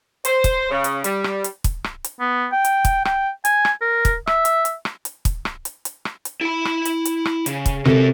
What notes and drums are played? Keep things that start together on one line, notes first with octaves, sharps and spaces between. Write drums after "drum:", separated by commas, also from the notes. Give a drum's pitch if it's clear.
C5, drum: hi-hat
drum: kick, hi-hat
C#3
drum: hi-hat
G3, drum: hi-hat
drum: rim click
drum: hi-hat
drum: kick, hi-hat
drum: rim click
drum: hi-hat
B3
G5
drum: hi-hat
drum: kick, hi-hat
G5, drum: rim click
G#5, drum: hi-hat
drum: rim click
A#4
drum: kick, hi-hat
E5, drum: rim click
drum: hi-hat
drum: hi-hat
drum: rim click
drum: hi-hat
drum: kick, hi-hat
drum: rim click
drum: hi-hat
drum: hi-hat
drum: rim click
drum: hi-hat
E4 B5
drum: rim click
drum: hi-hat
drum: hi-hat
drum: rim click
C#3, drum: hi-hat
drum: kick, hi-hat
C3 F#4 A4 A#4, drum: rim click